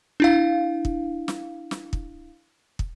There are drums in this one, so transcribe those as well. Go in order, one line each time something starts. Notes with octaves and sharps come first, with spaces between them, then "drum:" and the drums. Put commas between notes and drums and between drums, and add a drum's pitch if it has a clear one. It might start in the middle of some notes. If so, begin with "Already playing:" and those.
D4 E4 F5
drum: kick
drum: snare
drum: snare
drum: kick
drum: kick